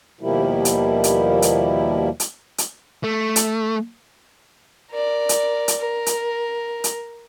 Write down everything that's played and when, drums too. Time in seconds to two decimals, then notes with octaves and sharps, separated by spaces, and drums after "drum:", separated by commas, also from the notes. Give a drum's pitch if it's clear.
0.21 D#2 B2 F3 G3 A#3 E4
0.65 drum: hi-hat
1.04 drum: hi-hat
1.42 drum: hi-hat
2.20 drum: hi-hat
2.58 drum: hi-hat
3.04 A3
3.36 drum: hi-hat
4.90 A#4 D5
5.29 drum: hi-hat
5.68 drum: hi-hat
5.79 A#4
6.06 drum: hi-hat
6.84 drum: hi-hat